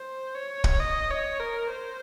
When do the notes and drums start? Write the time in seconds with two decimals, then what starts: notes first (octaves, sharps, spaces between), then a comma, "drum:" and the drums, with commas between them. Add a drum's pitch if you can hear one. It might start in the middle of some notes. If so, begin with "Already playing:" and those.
Already playing: C5
0.35 C#5
0.64 drum: kick
0.80 D#5
1.11 C#5
1.40 A#4
1.70 C5